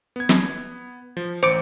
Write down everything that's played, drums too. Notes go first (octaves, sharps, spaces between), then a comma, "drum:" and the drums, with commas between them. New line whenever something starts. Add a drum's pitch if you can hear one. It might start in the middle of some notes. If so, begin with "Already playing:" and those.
B3 G#6
drum: snare
F3
A1 C5 D6 C#7 D7